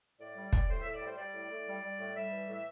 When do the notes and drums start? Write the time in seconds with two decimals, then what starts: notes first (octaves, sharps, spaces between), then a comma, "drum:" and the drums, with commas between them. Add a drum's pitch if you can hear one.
0.20 A2 D5
0.36 G3
0.53 G3, drum: kick
0.69 A2 C5
0.81 A2 E5
0.93 D5
1.01 G3 C5
1.18 G3 D5
1.34 A2
1.50 A2
1.67 G3
1.82 G3
1.99 A2
2.15 G3 E5
2.31 E3
2.48 A2
2.54 E5